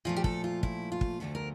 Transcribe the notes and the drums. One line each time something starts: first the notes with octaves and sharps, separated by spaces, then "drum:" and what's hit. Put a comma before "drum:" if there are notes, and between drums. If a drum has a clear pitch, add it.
A#2 F3 A3 F4
G4
A4, drum: kick
F4
E4, drum: kick
F4
drum: kick
D2 D3 F3 A3 A4
A#4